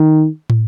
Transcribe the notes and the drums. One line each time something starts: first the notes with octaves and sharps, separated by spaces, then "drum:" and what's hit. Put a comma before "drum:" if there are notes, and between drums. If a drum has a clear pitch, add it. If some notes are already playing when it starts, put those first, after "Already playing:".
Already playing: D#3
drum: tom